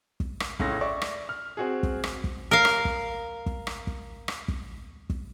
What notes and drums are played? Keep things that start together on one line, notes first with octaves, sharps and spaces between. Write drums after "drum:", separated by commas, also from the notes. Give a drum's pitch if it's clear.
drum: kick
drum: rim click
C#2 A2 C#4 A#6, drum: kick
D5 E5 C#6
drum: rim click
F6
C4 F#4 G#4
drum: kick
drum: rim click
drum: kick
A#4 F5
drum: rim click
drum: kick
drum: kick
drum: rim click
drum: kick
drum: rim click
drum: kick
drum: kick